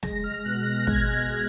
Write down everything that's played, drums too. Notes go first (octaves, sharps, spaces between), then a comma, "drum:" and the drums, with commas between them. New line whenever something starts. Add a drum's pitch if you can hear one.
G#3 A#6, drum: snare
F6
B2 F#6
A#6
G#3 G#6, drum: kick
G#3